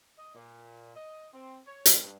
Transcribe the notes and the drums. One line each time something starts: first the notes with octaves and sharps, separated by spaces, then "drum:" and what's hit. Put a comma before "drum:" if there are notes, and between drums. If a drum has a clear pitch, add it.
D#5
A#2
D#5
C4
C#5
F2, drum: hi-hat
G2